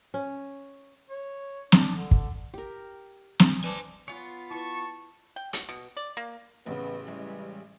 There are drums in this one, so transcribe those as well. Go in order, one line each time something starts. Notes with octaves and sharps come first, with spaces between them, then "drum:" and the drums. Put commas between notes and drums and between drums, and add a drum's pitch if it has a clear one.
C#4
C#5
D4, drum: snare
D3
drum: kick
G4 A#4
drum: snare
B4 C5 D5 G#5 A5
B3 F4 C#5 G#5
E4 B4 A5 C#6
G5
F#4, drum: hi-hat
B2
D5
A#3
A1 C#3 B3
E3 G3 G#3